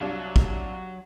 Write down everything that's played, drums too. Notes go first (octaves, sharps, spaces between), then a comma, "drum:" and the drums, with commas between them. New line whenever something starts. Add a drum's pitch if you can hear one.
C2 F#3 D4 F4
drum: kick